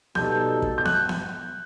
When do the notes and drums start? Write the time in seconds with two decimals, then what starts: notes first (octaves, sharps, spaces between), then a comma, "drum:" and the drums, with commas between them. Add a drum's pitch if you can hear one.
0.15 B2 G3 D#4 A4 G6, drum: snare B3
0.62 drum: kick
0.78 G6
0.85 F#6, drum: snare B3
1.09 drum: snare B3